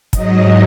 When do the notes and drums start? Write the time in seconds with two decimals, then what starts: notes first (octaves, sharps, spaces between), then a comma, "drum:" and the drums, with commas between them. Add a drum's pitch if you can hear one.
0.13 G#2 F#3 D#5, drum: kick, hi-hat